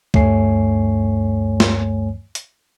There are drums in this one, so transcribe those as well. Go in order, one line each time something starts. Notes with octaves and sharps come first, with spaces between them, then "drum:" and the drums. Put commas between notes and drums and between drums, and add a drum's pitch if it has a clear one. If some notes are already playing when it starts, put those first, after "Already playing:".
D2 G2 A3 C#5 G#5 C7, drum: kick
drum: snare
drum: hi-hat